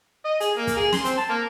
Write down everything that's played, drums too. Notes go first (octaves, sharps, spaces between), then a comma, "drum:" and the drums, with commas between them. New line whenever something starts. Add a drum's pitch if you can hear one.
D#5
G#4, drum: hi-hat
A#3
drum: kick, hi-hat
G#4
C6, drum: snare
C4, drum: hi-hat
A5
A#3